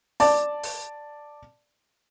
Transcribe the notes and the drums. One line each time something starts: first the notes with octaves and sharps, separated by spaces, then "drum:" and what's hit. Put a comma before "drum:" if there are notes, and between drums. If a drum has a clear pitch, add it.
D5 A5, drum: open hi-hat
drum: open hi-hat